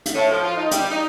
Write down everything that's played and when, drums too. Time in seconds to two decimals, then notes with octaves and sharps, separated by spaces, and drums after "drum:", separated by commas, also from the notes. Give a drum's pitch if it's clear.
0.06 drum: hi-hat
0.15 A2
0.30 F3
0.44 F4
0.57 D#4
0.71 G3, drum: hi-hat
0.90 D#4